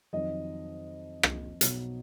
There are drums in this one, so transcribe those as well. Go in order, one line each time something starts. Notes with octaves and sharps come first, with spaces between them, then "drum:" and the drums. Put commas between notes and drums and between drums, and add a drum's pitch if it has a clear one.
F2 D#3 F#3 D#5
drum: rim click
B1 B2 F#3, drum: hi-hat